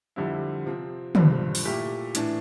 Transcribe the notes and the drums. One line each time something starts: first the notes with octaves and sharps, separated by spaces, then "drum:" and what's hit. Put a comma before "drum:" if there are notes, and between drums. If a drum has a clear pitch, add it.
F2 D3 G3 C4 E4
C3 F3 C4
G1 G2 F3 C4, drum: tom
drum: open hi-hat
A#2 A3 E4 G4
A2 E3 A3 D4, drum: hi-hat